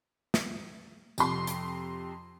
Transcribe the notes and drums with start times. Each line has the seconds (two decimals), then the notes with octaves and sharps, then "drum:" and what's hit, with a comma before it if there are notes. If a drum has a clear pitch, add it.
0.34 drum: snare
1.18 F2 C3 C6, drum: tambourine
1.47 drum: hi-hat